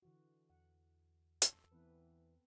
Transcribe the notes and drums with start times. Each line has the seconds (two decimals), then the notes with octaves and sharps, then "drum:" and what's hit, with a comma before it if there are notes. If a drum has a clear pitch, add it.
0.02 D3 E3 F#4
0.50 E2 F#5
1.42 A4, drum: hi-hat
1.72 E3 B3 C4 B4